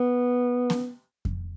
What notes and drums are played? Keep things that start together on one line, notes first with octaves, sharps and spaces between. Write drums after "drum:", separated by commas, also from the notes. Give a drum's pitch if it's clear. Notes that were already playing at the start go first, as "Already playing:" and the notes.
Already playing: B3
drum: snare B3
drum: kick F2